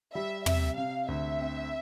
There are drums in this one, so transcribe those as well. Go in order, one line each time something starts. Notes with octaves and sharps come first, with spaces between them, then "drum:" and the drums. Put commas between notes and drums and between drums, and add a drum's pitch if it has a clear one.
G3 E5
C3 E5, drum: tom
C3 F5
D2 E5
C4